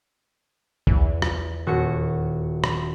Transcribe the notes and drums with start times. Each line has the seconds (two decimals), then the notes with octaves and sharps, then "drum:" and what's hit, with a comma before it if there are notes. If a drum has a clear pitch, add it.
0.87 E2, drum: kick C2
1.22 drum: rim click
1.66 D#1 F#4 C#7
2.64 drum: rim click